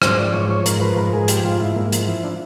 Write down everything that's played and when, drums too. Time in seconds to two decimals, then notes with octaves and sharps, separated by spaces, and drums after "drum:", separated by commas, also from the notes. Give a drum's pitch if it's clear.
0.02 G#2 C5, drum: rim click
0.17 F3 D5
0.33 G#2 C#5
0.49 F3 C#5
0.66 G#2 A#4, drum: hi-hat
0.81 F3 B4
0.96 G#2 A#4
1.13 G#2 G#4
1.28 F3 G4, drum: hi-hat
1.44 G#2 F4
1.60 G#2 E4
1.76 G#2 A#3
1.92 F3, drum: hi-hat
2.07 F3 E4
2.24 D4